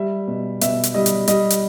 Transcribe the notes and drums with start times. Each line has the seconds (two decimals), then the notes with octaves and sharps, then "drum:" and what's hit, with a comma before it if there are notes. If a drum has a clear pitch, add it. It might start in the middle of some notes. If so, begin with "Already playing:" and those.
Already playing: G3 E5
0.28 B2
0.61 B2 E5, drum: hi-hat
0.83 drum: hi-hat
0.94 G3 D#5
1.06 drum: hi-hat
1.28 G3 D#5, drum: hi-hat
1.50 drum: hi-hat